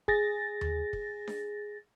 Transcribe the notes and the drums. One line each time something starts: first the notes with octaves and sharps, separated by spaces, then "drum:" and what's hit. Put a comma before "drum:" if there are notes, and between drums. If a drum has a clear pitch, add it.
G#4 A6 A#6, drum: kick
drum: tom D#2
drum: kick
drum: snare D4